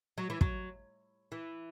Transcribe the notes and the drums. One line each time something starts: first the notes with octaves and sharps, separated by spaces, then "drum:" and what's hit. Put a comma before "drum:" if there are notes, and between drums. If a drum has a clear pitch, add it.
F#3
E3
F#3, drum: kick
E3